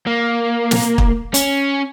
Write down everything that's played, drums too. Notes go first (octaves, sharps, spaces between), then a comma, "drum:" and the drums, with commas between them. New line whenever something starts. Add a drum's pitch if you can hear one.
A#3
drum: snare
drum: kick
C#4, drum: hi-hat